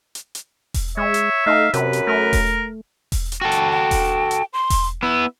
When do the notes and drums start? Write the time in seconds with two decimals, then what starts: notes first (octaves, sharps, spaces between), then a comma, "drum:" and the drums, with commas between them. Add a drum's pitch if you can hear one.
0.15 drum: hi-hat
0.35 drum: hi-hat
0.74 drum: kick E1, open hi-hat
0.97 G#3 C#5 E5
1.14 drum: hi-hat
1.46 A3 D#4 F5
1.74 F#2 C3 B4, drum: hi-hat
1.93 drum: hi-hat
2.07 A3 A#4
2.33 drum: kick E1, open hi-hat
3.12 drum: kick E1, open hi-hat
3.32 drum: hi-hat
3.41 F#4 A4 G5
3.52 drum: hi-hat
3.71 G5
3.91 drum: kick E1, open hi-hat
4.31 drum: hi-hat
4.53 C6
4.70 drum: kick E1, open hi-hat
5.03 B3 E4 E6